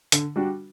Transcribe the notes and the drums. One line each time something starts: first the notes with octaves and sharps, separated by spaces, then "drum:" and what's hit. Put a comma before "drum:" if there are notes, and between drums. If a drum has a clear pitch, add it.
D3, drum: hi-hat
G3 D4 F#4